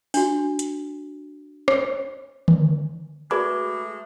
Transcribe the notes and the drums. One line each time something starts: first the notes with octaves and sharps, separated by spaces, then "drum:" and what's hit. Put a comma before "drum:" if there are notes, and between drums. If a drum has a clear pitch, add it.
D4 F#4, drum: open hi-hat
drum: hi-hat
drum: rim click
drum: tom D3
G#3 A3 F#4 G#4 B4 D5 B5 D6